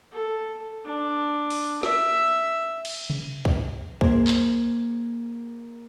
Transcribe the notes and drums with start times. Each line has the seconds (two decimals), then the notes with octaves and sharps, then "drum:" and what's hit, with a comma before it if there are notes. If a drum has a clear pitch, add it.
0.12 A4
0.86 D4
1.50 drum: open hi-hat
1.83 E5, drum: snare
2.85 drum: cymbal
3.10 drum: tom C3
3.45 drum: kick
4.01 A#3 G#4 C5, drum: kick
4.28 drum: clap